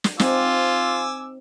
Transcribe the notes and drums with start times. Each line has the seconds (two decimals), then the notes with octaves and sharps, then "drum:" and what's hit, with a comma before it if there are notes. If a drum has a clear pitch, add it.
0.04 drum: snare
0.19 C4 D#4 F4 G#5 D6 E6, drum: snare